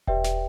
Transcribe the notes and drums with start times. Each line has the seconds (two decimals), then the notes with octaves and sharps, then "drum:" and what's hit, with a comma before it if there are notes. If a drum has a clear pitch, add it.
0.07 G4 B4 D5 E5 G5, drum: kick E1
0.24 drum: snare